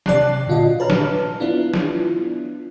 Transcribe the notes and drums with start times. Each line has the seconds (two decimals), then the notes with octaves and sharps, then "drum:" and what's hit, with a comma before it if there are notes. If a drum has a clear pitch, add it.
0.06 C3 D5 A5 F#6 C7, drum: snare
0.47 A#2 D3 F4 F#4 D#5
0.80 B4 C#5 A5 A#5 F6
0.90 drum: snare
1.40 B3 D4 E4 F4
1.74 drum: snare